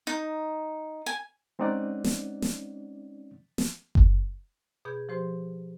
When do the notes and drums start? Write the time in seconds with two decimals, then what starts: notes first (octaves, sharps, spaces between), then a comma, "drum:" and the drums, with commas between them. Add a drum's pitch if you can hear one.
0.07 D#4
1.06 G#5
1.59 G#3 C4 C#4 D#4 D5 F#5
2.04 drum: snare
2.42 drum: snare
3.58 drum: snare
3.95 drum: kick F#1
4.85 B2 G#4 B5 G6 G#6
5.09 F3 G4 C5 C6